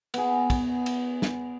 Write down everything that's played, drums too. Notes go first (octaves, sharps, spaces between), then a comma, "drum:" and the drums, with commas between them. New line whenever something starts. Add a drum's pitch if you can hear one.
B3 G#4, drum: cymbal
drum: kick, cymbal
drum: cymbal
drum: snare